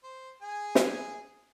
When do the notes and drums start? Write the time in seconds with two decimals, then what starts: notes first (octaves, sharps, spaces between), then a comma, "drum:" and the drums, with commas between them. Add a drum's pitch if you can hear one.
0.03 C5
0.42 G#4 G#5
0.75 drum: snare